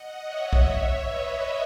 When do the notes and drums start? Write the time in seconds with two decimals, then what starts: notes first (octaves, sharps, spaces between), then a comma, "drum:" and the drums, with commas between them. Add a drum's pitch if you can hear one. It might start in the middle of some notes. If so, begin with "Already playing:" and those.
Already playing: D#5 F#5
0.26 C#5 E5
0.53 drum: kick B1
1.01 B4 D#5